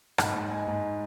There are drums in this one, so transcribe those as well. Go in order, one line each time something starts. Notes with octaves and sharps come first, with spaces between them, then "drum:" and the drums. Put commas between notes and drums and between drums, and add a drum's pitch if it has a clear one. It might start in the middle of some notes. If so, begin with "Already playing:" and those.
G#2 B5, drum: rim click
G#3
G#3 G#5
G#2